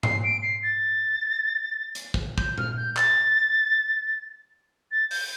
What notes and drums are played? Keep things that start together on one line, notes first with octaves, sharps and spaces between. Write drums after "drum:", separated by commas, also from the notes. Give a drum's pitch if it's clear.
C7, drum: tom G#2
D7
C7
A6
drum: hi-hat
drum: kick
G6, drum: kick
F6, drum: tom A#2
G6
A6, drum: clap
A6
G6, drum: open hi-hat